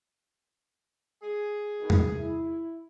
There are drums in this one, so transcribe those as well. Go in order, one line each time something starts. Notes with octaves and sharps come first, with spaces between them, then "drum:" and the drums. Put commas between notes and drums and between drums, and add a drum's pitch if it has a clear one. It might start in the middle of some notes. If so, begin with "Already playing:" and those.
G#4
B2 D#3
drum: tom
E4